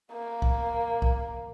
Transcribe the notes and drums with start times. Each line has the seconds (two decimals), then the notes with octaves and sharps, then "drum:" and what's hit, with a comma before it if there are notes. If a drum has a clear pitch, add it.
0.12 A#3
0.42 drum: kick B1
1.02 drum: kick B1